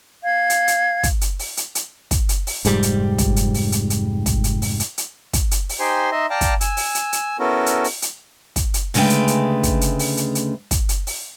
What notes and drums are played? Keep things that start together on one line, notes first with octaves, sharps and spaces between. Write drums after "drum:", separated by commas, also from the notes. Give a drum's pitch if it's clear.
F5 G#6
drum: hi-hat
drum: hi-hat
drum: kick, hi-hat
drum: hi-hat
drum: open hi-hat
drum: hi-hat
drum: hi-hat
drum: kick, hi-hat
drum: hi-hat
drum: open hi-hat
F1 G#2 G3, drum: hi-hat
drum: hi-hat
drum: kick, hi-hat
drum: hi-hat
drum: open hi-hat
drum: hi-hat
drum: hi-hat
drum: kick, hi-hat
drum: hi-hat
drum: open hi-hat
drum: hi-hat
drum: hi-hat
drum: kick, hi-hat
drum: hi-hat
drum: open hi-hat
D#4 G4 C5 G5 G#5 C6
D#4 D#5 E5 C6
D5 F5 G5 A5 A#5 D6
drum: kick, hi-hat
G#5 E6, drum: hi-hat
drum: open hi-hat
drum: hi-hat
drum: hi-hat
B3 C#4 E4 F#4 A4 A#4
drum: hi-hat
drum: open hi-hat
drum: hi-hat
drum: kick, hi-hat
drum: hi-hat
D2 C#3 G#3 A3 B4 G5, drum: open hi-hat
drum: hi-hat
drum: hi-hat
drum: kick, hi-hat
drum: hi-hat
drum: open hi-hat
drum: hi-hat
drum: hi-hat
drum: kick, hi-hat
drum: hi-hat
drum: open hi-hat